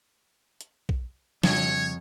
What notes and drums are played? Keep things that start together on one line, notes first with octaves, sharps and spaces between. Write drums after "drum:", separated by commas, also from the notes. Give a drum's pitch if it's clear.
drum: hi-hat
drum: kick
F2 C#3 G3 D4 C#5, drum: snare